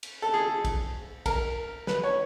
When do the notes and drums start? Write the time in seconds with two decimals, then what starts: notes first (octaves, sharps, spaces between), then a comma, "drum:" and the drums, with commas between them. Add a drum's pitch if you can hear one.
0.03 drum: cymbal
0.22 A4
0.34 G#4
0.65 drum: kick, cymbal
1.26 A#4, drum: kick, cymbal
1.87 B4, drum: snare
2.04 C#5